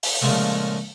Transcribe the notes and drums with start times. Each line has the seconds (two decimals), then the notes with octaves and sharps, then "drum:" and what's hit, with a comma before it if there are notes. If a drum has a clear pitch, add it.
0.03 drum: open hi-hat
0.22 A#2 C#3 F3 G#3 A3